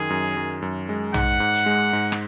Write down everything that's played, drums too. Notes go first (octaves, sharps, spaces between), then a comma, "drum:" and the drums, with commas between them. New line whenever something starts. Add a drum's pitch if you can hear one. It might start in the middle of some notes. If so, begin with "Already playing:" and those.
Already playing: F#2 D#3 G#4
F#2
F#2
F#2
G#3
G#2 F#5, drum: tom A#1
G#2
drum: hi-hat
G#3
G#2
drum: rim click